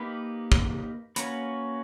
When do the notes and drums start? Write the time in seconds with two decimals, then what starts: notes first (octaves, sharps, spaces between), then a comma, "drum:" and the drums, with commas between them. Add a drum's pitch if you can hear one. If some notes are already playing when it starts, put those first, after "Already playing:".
Already playing: A#3 D#4 G4 B4
0.52 drum: kick
1.16 A#3 C#4 F#4 B4, drum: hi-hat